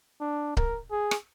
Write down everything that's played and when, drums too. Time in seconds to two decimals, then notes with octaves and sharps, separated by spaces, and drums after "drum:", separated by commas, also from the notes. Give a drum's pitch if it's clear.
0.21 D4
0.57 A#4, drum: kick C#1
0.91 G#4
1.11 drum: rim click